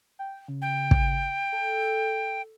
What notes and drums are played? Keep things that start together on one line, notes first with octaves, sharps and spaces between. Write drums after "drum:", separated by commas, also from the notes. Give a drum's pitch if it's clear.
G5
C#3
G5
drum: kick
A4